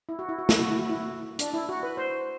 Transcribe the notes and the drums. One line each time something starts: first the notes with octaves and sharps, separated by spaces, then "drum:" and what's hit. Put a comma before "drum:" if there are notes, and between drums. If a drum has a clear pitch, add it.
E4
F#4
E4
F#4
E4, drum: snare
F#4
E4
F#4
E4
D4, drum: hi-hat
E4
F#4
B4
C5